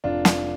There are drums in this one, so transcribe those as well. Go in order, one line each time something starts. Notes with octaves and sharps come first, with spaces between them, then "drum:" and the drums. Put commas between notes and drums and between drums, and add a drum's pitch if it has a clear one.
F1 D4 F4
drum: snare